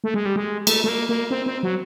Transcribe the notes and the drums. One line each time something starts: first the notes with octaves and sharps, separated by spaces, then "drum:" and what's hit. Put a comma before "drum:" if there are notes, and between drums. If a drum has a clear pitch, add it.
A3
G#3
G3
G#3
A3, drum: cymbal
A3
A#3
A#3
C4
C4
F#3